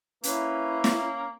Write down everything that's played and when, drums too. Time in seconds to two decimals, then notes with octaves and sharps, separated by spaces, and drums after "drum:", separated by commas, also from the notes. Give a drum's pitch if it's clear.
0.23 A#3 C#4 E4 B4, drum: hi-hat
0.84 drum: snare